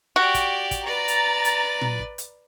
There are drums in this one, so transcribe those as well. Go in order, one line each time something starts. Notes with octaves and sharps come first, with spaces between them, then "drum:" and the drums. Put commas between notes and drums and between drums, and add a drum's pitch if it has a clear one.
F#4 G4 D5
drum: kick, hi-hat
drum: kick, hi-hat
B4 D5 A#5 A6
drum: hi-hat
drum: hi-hat
drum: tom A#2
drum: kick
drum: hi-hat